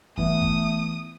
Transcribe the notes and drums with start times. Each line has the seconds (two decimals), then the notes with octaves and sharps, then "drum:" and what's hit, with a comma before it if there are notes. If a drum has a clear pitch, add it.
0.18 E3 A3 B3 D#6, drum: kick
0.42 drum: kick